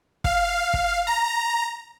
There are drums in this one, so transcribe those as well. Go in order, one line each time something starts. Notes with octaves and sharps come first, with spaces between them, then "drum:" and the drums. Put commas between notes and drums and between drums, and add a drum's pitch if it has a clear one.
F5, drum: kick
drum: kick
A#5